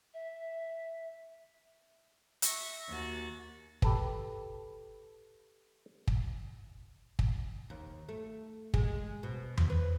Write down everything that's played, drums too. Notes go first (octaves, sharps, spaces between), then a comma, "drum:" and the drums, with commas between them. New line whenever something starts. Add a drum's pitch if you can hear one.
E5
E5 C#6 A#6, drum: hi-hat
D#2 F#4 A6
G4 A4 B4, drum: kick
drum: kick
drum: kick
D#2
A3
G#3, drum: kick
B2
drum: tom E2
B4